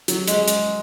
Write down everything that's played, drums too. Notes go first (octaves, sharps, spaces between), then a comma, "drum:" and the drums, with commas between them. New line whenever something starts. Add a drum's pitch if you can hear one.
F#3, drum: hi-hat
G#3, drum: hi-hat
drum: hi-hat